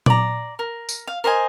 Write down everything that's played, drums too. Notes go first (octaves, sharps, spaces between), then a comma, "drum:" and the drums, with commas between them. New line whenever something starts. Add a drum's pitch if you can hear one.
D5 A#5, drum: tom A#2
A#4
drum: tambourine
F5
A#4 C5 D#5 G#5